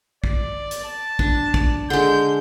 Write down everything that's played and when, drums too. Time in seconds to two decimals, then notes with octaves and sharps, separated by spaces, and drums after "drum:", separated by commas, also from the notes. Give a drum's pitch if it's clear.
0.24 D5, drum: kick
0.71 drum: hi-hat
0.84 A5
1.19 D4, drum: kick
1.54 D5, drum: kick
1.90 D3 G#3 G6